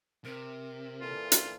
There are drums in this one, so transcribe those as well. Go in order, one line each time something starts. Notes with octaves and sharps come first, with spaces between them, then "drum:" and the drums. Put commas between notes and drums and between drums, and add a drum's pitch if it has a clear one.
C3 A#4
A#2 E3 F4 A4
drum: hi-hat